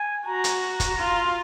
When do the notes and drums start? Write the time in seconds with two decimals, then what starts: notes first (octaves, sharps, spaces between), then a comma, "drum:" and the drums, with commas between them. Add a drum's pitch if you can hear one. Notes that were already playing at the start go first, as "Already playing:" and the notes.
Already playing: G#5
0.26 F#4 A#5
0.44 drum: hi-hat
0.80 drum: kick, hi-hat
0.98 F4